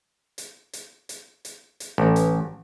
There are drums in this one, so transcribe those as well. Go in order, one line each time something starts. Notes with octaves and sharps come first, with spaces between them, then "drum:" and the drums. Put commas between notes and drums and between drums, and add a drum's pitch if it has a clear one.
drum: hi-hat
drum: hi-hat
drum: hi-hat
drum: hi-hat
drum: hi-hat
A1
drum: hi-hat